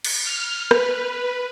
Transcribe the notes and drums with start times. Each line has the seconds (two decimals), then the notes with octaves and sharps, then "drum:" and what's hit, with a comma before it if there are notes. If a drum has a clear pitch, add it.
0.04 drum: cymbal
0.23 F6
0.71 B4, drum: rim click